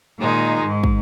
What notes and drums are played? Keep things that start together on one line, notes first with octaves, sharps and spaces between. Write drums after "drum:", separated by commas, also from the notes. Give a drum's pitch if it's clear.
A#2 D#3 G#3 D#4
G#2
drum: kick